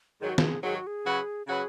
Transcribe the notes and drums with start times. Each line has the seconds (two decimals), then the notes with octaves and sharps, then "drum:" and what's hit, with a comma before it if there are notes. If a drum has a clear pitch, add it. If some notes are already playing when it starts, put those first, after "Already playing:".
0.20 G#2 D#3 F#3 G#4
0.29 F#4
0.38 G#4, drum: snare
0.63 G#2 D#3 F#3 G#4
0.75 F#4
0.87 G#4
1.05 C#3 F#3 C#4 F#4 B4
1.47 C#3 F#3 C#4 F#4 G#4 B4